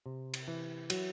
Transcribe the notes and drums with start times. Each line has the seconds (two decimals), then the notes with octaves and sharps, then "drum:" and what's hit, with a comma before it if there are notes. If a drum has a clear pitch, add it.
0.06 C3
0.34 drum: cymbal
0.48 E3
0.90 F#3, drum: cymbal